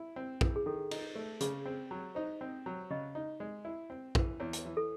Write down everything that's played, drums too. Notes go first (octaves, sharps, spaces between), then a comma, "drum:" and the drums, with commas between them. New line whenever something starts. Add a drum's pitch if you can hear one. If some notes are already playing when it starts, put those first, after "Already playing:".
Already playing: E4
C4
E3, drum: kick
G#4
D#3 A4
D#4, drum: cymbal
A3
C#3 G#4, drum: hi-hat
C4
F#3
D#4 C5
C4
F#3
C#3 D#5
D#4
G#3
E4
C4
E3, drum: kick
E2 C#5
drum: hi-hat
E3
A4